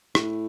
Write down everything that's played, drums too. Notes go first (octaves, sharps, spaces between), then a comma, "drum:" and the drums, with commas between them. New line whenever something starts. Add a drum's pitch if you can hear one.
A2, drum: rim click